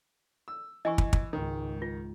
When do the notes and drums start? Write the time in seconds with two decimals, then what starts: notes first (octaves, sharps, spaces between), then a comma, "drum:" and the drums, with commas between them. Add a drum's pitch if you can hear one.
0.48 E6
0.85 E3 D#5 G#5 C#6
0.98 drum: kick
1.13 drum: kick
1.33 C#2 G#2 D#3
1.82 F4